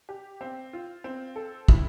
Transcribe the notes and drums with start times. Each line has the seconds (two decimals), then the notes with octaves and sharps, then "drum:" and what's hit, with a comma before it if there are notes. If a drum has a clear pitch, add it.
0.09 G4
0.41 C4
0.73 F4
1.04 C4
1.36 A4
1.69 E4, drum: kick